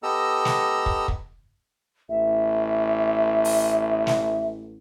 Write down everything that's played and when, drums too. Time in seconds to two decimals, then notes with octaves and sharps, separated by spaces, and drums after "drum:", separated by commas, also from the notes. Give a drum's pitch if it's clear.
0.03 B3 G4 A4 D#5 A#5 E6
0.45 drum: snare
0.86 drum: kick
1.08 drum: kick
2.09 A1 E5
3.45 drum: open hi-hat
4.07 drum: snare